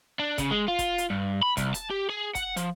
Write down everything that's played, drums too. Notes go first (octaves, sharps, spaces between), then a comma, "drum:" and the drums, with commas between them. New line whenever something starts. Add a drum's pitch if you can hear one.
D4
C#3, drum: kick, hi-hat
G#3
F4
drum: kick, hi-hat
drum: hi-hat
G2
B5
C2, drum: kick, hi-hat
A5, drum: hi-hat
G4
G#4
F#5, drum: kick, hi-hat
F3, drum: hi-hat